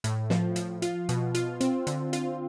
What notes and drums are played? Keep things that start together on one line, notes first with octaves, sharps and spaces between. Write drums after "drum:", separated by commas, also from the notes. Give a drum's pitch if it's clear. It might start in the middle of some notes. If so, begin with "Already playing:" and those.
A2, drum: hi-hat
F3, drum: snare
F3, drum: hi-hat
F4, drum: hi-hat
B2, drum: hi-hat
F4, drum: hi-hat
C4, drum: hi-hat
D3, drum: hi-hat
F4, drum: hi-hat